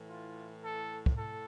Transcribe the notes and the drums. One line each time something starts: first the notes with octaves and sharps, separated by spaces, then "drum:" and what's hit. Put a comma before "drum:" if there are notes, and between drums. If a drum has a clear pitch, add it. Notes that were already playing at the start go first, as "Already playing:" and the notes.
Already playing: A2 E3
F4
A4
drum: kick
A2 A4